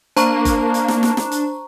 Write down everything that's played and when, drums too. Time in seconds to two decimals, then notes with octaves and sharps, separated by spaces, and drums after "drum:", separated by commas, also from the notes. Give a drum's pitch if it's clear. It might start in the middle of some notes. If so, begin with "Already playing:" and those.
0.17 A#3 D4 C5 A#5 C#6, drum: hi-hat
0.45 drum: kick F#1, hi-hat
0.74 drum: hi-hat
0.88 drum: snare
1.03 drum: snare
1.17 drum: snare
1.32 drum: hi-hat